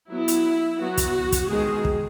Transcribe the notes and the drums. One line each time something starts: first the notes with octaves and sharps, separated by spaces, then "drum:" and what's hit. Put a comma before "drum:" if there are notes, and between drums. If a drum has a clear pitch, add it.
F#3 B3 E4
drum: hi-hat
F#3 B3 F#4
drum: kick, hi-hat
drum: kick, hi-hat
D#3 G#3 B3 G#4
drum: kick